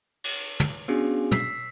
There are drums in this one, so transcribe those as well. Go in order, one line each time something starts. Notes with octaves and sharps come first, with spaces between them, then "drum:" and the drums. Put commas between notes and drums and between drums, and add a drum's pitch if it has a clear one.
drum: cymbal
drum: tom
B3 C#4 D4 F#4 G#4
E6 B6 C7, drum: tom